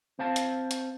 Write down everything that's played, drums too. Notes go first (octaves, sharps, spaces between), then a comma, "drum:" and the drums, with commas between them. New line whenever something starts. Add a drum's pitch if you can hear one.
C4 C5 F5 A5
drum: hi-hat
drum: hi-hat